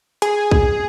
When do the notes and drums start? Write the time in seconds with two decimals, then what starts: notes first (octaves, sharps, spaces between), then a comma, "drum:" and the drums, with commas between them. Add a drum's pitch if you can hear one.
0.22 G#4, drum: hi-hat
0.51 drum: kick